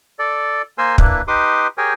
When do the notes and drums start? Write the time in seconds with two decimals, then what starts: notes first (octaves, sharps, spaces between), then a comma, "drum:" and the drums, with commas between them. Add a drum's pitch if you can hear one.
0.19 A4 D5
0.78 A#3 A#4 C5 G#5 C6 E6
0.98 A#3 D4 E4 B4, drum: kick
1.28 D#4 G4 B4 C6 D6 D#6
1.78 G4 G#4 A#4 C#5 G5 G#5